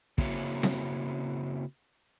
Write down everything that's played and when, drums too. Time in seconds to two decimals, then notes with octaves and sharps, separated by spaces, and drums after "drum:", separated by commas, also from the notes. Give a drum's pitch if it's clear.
0.18 C#3 A#3 C4 E4 F#4 C#5, drum: kick
0.63 drum: snare C4